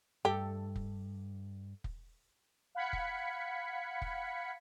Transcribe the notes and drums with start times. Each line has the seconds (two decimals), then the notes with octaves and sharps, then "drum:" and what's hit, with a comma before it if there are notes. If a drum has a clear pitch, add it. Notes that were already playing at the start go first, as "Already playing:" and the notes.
0.25 G2 G4 A4
0.76 drum: kick
1.84 drum: kick
2.75 F5 F#5 B5 G#6 B6 C#7
2.93 drum: kick
4.02 drum: kick